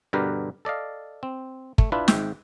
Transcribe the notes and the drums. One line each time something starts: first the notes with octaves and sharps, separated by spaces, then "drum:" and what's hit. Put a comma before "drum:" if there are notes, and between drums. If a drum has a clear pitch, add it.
G2 B2 D3 G4 A#4 B4
A4 D5 D#5 F5
C4
A3, drum: kick
D4 E4 F4 B4
G#1 G#2 E5 G5, drum: snare